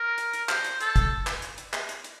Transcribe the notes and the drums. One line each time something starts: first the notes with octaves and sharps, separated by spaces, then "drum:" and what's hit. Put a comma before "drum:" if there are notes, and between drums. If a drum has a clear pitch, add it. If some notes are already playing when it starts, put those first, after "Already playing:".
Already playing: A#4
drum: hi-hat
drum: hi-hat
C5, drum: clap
drum: hi-hat
A4, drum: hi-hat
drum: kick, hi-hat
drum: clap
drum: hi-hat
drum: hi-hat
drum: clap
drum: hi-hat
drum: hi-hat